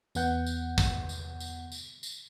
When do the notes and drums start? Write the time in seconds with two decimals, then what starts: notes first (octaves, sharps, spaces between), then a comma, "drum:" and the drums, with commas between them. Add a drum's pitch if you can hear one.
0.15 E2 B3 F#5 G6, drum: tambourine
0.46 drum: tambourine
0.78 drum: kick, tambourine
1.09 drum: tambourine
1.40 drum: tambourine
1.72 drum: tambourine
2.03 drum: tambourine